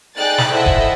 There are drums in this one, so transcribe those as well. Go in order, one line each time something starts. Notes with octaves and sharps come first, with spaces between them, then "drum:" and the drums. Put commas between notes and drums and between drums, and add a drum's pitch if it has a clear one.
D#4 G#4 D5 G5 F#6 A6
drum: snare
E4 A4 C5 D#5 E5 F#5
drum: kick D#1